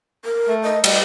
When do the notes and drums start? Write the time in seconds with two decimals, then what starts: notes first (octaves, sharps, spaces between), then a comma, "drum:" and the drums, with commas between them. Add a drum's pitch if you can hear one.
0.25 A#4
0.48 A3
0.63 D#5
0.84 G3 D#5, drum: cymbal